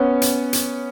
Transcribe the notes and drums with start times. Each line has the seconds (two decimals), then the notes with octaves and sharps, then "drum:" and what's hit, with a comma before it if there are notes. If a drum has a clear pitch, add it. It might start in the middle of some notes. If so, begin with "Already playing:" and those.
Already playing: B3 C#4
0.22 drum: hi-hat
0.53 drum: hi-hat